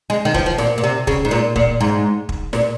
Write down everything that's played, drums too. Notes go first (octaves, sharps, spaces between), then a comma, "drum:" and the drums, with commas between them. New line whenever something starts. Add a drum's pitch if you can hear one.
G#3
D#3
F3, drum: kick
F3
A#2, drum: snare
A#2
C3
C#3, drum: kick
G#2
A#2
A#2, drum: kick
G#2
drum: kick
A#2, drum: snare